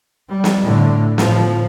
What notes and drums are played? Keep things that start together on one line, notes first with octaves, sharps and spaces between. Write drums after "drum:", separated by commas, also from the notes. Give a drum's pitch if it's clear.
G3
drum: snare
A2 D3
A2 F3, drum: snare